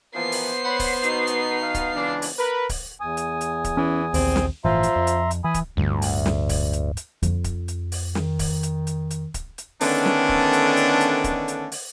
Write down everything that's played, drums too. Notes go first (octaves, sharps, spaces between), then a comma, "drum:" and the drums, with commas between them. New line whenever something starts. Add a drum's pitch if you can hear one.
E3 F3 A#3 B3 C5 C7
drum: open hi-hat
C#5 F#5 B5
drum: kick D1, open hi-hat
B2 D#4, drum: hi-hat
drum: hi-hat
F5
drum: kick D1, hi-hat
C#2 E3 D4
drum: open hi-hat
A#4 B4
drum: kick D1, open hi-hat
E2 G#5 D#6
drum: hi-hat
drum: hi-hat
drum: kick D1, hi-hat
E3 C#4
A#1 D#2 C4, drum: open hi-hat
drum: snare
G1 A2 E3 F3 E5 A#5 C6
drum: hi-hat
F2
drum: hi-hat
drum: hi-hat
E3 G#5 B5 D#6
drum: kick D1, hi-hat
D1 D2 G2
drum: open hi-hat
drum: snare
drum: kick D1, open hi-hat
drum: hi-hat
drum: hi-hat
F2 F4, drum: hi-hat
drum: kick D1, hi-hat
drum: hi-hat
drum: open hi-hat
D#3, drum: snare
drum: kick D1, open hi-hat
drum: hi-hat
drum: hi-hat
drum: hi-hat
drum: kick D1, hi-hat
drum: hi-hat
D3 D#3 A3 B3 C#4 D4, drum: open hi-hat
drum: snare
drum: kick D1
drum: hi-hat
drum: hi-hat
drum: hi-hat
drum: kick D1, hi-hat
drum: hi-hat
drum: open hi-hat